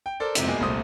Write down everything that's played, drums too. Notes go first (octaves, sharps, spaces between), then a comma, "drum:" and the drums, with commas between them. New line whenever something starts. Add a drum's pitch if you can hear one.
G5
A4 A#4 C5 D5
F2 G#2 C3 C4 E4, drum: hi-hat
B2 G3 G#3 A#3 G4 G#4
D#1 C2 A#2 A3 C5 D#6